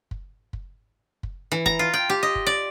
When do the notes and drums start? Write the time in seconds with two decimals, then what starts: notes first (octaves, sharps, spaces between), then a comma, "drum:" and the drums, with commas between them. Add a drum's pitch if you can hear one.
0.11 drum: kick
0.53 drum: kick
1.23 drum: kick
1.52 E3
1.66 A#5, drum: kick
1.79 F4
1.94 G5
2.10 G4
2.23 D#5
2.35 drum: kick
2.46 D5